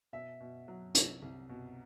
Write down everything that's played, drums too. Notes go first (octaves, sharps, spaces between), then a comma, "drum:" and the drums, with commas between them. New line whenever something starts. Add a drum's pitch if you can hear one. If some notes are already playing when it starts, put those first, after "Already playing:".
B2 E5
B2
F#3
C2, drum: hi-hat
C2
B2